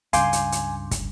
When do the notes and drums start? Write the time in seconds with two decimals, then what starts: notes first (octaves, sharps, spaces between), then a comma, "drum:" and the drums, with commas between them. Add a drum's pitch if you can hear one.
0.13 C#2 G2 C#3 F5 G#5 C6 D6 G6, drum: hi-hat
0.33 drum: hi-hat
0.52 drum: hi-hat
0.91 drum: kick, hi-hat